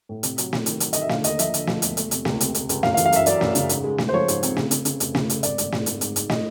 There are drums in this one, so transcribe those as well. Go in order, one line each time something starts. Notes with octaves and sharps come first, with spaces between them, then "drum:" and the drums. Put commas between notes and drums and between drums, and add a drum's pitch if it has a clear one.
A2
C3, drum: hi-hat
F#3, drum: hi-hat
C3, drum: snare
D#3, drum: hi-hat
F#3, drum: hi-hat
D#3 D#5, drum: hi-hat
E5
D3 F5, drum: snare
D#2 D#5, drum: hi-hat
F3 E5, drum: hi-hat
D3, drum: hi-hat
F3, drum: snare
E1, drum: hi-hat
A3, drum: hi-hat
C3, drum: hi-hat
C#2, drum: snare
C3, drum: hi-hat
C3, drum: hi-hat
C#2, drum: hi-hat
F#2 F5, drum: snare
F5
E3, drum: hi-hat
F5
F#2 E5, drum: hi-hat
F#2 D5, drum: hi-hat
F#2, drum: snare
C#3, drum: hi-hat
G#2, drum: hi-hat
G#3
G#3, drum: snare
C5
F3 C#5
G#2, drum: hi-hat
C4, drum: hi-hat
C#3, drum: snare
C#3, drum: hi-hat
C#3, drum: hi-hat
F1, drum: hi-hat
C#3, drum: snare
F1, drum: hi-hat
G#1 D5, drum: hi-hat
G#1, drum: hi-hat
G#2, drum: snare
G#1, drum: hi-hat
G#2, drum: hi-hat
G#2, drum: hi-hat
D#5, drum: snare